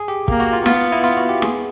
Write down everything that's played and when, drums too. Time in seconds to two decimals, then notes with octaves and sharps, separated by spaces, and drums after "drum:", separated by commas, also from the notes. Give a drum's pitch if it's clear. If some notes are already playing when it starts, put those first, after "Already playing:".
Already playing: G#4
0.08 G4
0.28 A#3, drum: kick
0.40 F#4
0.53 F4
0.66 B3 F4, drum: snare
0.92 E4
1.04 F4
1.17 F#4
1.29 G4
1.42 G#4, drum: snare